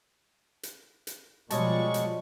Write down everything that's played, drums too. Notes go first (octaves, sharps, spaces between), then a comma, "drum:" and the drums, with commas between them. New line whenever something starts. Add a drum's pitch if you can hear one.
drum: hi-hat
drum: hi-hat
B2 F3 G3 G#3 C#5 D#5 A5 C#6, drum: hi-hat
drum: hi-hat